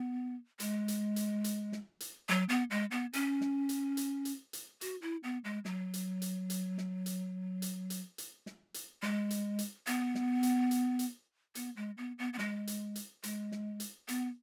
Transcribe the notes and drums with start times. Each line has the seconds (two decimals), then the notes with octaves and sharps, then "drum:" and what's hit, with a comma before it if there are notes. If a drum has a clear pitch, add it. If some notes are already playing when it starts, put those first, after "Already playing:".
Already playing: B3
0.60 G#3, drum: hi-hat
0.88 drum: hi-hat
1.16 drum: hi-hat
1.44 drum: hi-hat
1.72 drum: snare
2.00 drum: hi-hat
2.29 F#3, drum: snare
2.49 B3
2.71 G#3
2.91 B3
3.13 C#4, drum: hi-hat
3.41 drum: snare
3.69 drum: hi-hat
3.97 drum: hi-hat
4.25 drum: hi-hat
4.53 drum: hi-hat
4.81 F#4, drum: hi-hat
5.02 E4
5.23 B3
5.44 G#3
5.65 F#3, drum: snare
5.94 drum: hi-hat
6.22 drum: hi-hat
6.50 drum: hi-hat
6.78 drum: snare
7.06 drum: hi-hat
7.62 drum: hi-hat
7.90 drum: hi-hat
8.18 drum: hi-hat
8.46 drum: snare
8.74 drum: hi-hat
9.03 G#3, drum: snare
9.30 drum: hi-hat
9.59 drum: hi-hat
9.87 B3, drum: hi-hat
10.15 drum: snare
10.43 drum: hi-hat
10.71 drum: hi-hat
10.99 drum: hi-hat
11.55 B3, drum: hi-hat
11.76 G#3
11.97 B3
12.19 B3
12.33 B3
12.39 G#3, drum: snare
12.67 drum: hi-hat
12.96 drum: hi-hat
13.23 G#3, drum: hi-hat
13.52 drum: snare
13.80 drum: hi-hat
14.08 B3, drum: hi-hat